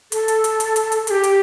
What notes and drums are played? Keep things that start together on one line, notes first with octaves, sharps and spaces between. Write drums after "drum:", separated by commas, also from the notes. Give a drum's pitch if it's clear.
A4, drum: hi-hat
drum: hi-hat
drum: hi-hat
drum: hi-hat
drum: hi-hat
drum: hi-hat
A4, drum: hi-hat
G4
drum: hi-hat